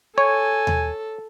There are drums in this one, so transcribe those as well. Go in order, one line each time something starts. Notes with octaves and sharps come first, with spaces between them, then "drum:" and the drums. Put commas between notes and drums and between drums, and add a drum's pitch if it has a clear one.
A4 C#5 G#5
drum: tom D#2